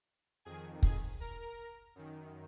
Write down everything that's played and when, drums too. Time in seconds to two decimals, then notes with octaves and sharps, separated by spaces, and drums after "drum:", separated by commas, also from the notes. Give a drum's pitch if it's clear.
0.45 F2 D#3 G#4 G#5
0.83 G#4 G#5, drum: kick
1.20 A#4 A#5
1.95 F#2 D#3